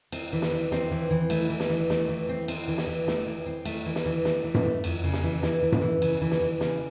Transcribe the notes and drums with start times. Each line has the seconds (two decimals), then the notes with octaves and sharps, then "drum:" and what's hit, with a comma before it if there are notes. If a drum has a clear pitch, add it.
0.12 C4, drum: cymbal
0.33 E3
0.42 drum: snare
0.52 E3
0.72 C4, drum: snare
0.91 E3
1.11 E3
1.30 A3, drum: cymbal
1.50 E3
1.60 drum: snare
1.69 E3
1.90 A3, drum: snare
2.09 E3
2.29 C4
2.48 C4, drum: cymbal
2.68 E3
2.78 drum: snare
2.87 E3
3.08 A3, drum: snare
3.27 E3
3.46 C4
3.65 A3, drum: cymbal
3.86 E3
3.96 drum: snare
4.06 E3
4.25 A3, drum: snare
4.44 E3
4.54 drum: tom F#2
4.65 A3
4.84 F2, drum: cymbal
5.04 C#3
5.13 drum: snare
5.23 E3
5.43 E3, drum: snare
5.62 E3
5.72 drum: tom F#2
5.82 E3
6.02 C#3, drum: cymbal
6.21 E3
6.31 drum: snare
6.41 E3
6.61 C#3, drum: snare